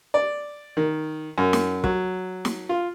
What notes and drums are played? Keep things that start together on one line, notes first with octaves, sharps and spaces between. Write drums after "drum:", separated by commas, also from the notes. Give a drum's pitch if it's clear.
D5
D#3
F#2
drum: snare
F#3, drum: kick
drum: snare
F4